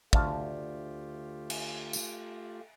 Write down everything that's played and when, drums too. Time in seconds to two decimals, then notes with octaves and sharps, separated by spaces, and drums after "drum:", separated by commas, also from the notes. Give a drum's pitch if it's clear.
0.13 D2 A3 F4 G4 F5 A5, drum: kick
1.50 drum: cymbal
1.93 drum: tambourine